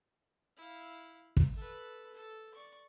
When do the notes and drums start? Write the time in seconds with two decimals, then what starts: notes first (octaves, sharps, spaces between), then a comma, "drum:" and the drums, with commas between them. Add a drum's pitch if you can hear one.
0.57 E4 F5
1.37 drum: kick
1.56 A4 B4
2.14 A4
2.54 D5 C#6